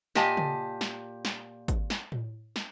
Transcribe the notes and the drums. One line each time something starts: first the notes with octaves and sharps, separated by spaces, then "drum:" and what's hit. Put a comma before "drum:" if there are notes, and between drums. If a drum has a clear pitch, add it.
A#2 G4 D#5 G#5 A5, drum: snare
drum: tom C#3
drum: snare
drum: snare
drum: kick G#1, hi-hat
drum: snare
drum: tom A2
drum: snare